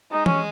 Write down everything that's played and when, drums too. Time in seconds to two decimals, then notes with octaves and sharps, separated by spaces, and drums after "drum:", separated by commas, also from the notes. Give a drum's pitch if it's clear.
0.11 G#3 D#4
0.26 C#4, drum: tom E3